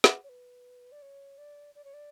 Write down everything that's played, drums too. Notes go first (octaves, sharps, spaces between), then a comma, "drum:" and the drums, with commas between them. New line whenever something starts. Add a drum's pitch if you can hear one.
drum: snare
C#5
B4
D5
C#5
D5
D5
C#5
D5